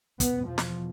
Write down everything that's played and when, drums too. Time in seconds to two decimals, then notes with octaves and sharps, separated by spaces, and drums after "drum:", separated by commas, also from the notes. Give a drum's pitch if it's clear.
0.20 E2 B2 B3, drum: kick, hi-hat
0.48 F3
0.58 drum: snare